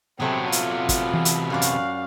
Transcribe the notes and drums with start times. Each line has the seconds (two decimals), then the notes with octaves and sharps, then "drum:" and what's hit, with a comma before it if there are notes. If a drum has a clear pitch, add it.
0.20 C3 F#3 A3 B3 C4 C5
0.52 F4, drum: hi-hat
0.89 drum: kick, hi-hat
1.14 E3
1.25 drum: hi-hat
1.50 F#2 F#4 D5 F5
1.62 drum: hi-hat